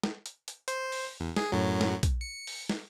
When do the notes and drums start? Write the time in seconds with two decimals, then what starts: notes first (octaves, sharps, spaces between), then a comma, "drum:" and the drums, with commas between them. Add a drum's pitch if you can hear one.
0.03 drum: snare
0.26 drum: hi-hat
0.48 drum: hi-hat
0.68 C5, drum: hi-hat
0.92 drum: open hi-hat
1.20 E2
1.36 G#4, drum: snare
1.52 F#2 A2 F#3
1.81 drum: snare
2.03 drum: kick, hi-hat
2.21 C#7
2.47 drum: open hi-hat
2.69 drum: snare